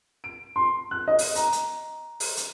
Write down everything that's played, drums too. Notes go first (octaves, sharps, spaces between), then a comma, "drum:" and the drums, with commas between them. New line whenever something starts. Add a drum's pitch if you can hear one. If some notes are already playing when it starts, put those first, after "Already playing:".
D7
C6
F#6
D#5
drum: open hi-hat
A#5, drum: hi-hat
drum: hi-hat
drum: open hi-hat
drum: hi-hat